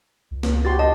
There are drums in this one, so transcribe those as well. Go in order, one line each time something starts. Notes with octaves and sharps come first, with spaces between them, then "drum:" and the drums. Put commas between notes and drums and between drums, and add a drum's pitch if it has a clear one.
C#2
drum: snare
F#4 G4 C6 A6
D#5 A5